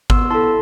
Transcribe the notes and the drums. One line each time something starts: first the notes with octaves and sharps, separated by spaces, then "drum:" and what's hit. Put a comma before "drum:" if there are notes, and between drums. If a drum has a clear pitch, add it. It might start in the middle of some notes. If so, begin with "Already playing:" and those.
B3 C6 E6, drum: kick G#1
E4 A4 A5 C6